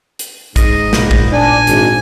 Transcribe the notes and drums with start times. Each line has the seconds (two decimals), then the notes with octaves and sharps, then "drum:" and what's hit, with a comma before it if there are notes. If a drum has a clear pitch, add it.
0.19 drum: hi-hat
0.56 G#2 D#5 A#6 C7, drum: kick, hi-hat
0.93 A#2 B3 G6, drum: snare
1.11 drum: kick
1.33 D4 G#5
1.67 G#1, drum: hi-hat